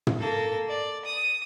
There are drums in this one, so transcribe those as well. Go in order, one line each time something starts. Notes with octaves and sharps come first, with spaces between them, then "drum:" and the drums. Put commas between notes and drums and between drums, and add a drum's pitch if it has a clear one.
drum: tom
A#3 A4
D5
D#6